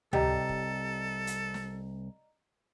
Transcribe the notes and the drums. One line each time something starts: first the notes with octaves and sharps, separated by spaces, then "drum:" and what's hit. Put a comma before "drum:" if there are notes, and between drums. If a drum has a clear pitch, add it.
C2 G4 A4 D5 D#5 A#5, drum: tom C#2
drum: kick
drum: hi-hat
drum: snare